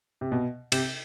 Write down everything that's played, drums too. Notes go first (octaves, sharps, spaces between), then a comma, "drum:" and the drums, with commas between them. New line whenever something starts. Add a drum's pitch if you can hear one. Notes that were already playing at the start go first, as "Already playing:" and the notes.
C3
B2
C3, drum: cymbal